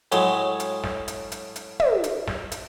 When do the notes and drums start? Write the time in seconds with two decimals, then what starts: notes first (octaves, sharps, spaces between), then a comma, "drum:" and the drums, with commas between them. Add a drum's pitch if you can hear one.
0.12 A2 F#3 G#3, drum: hi-hat
0.60 drum: hi-hat
0.84 drum: snare
1.08 drum: hi-hat
1.32 drum: hi-hat
1.56 drum: hi-hat
1.80 drum: tom
2.04 drum: hi-hat
2.28 drum: snare
2.52 drum: hi-hat